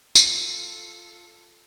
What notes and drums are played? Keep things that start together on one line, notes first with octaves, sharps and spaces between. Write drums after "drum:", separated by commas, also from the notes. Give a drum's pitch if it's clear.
F4 A4, drum: tambourine